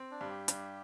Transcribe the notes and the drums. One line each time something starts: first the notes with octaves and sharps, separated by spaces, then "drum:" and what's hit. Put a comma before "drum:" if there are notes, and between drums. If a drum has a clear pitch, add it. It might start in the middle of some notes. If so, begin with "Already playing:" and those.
Already playing: C4
D4
G2
G4
G2, drum: hi-hat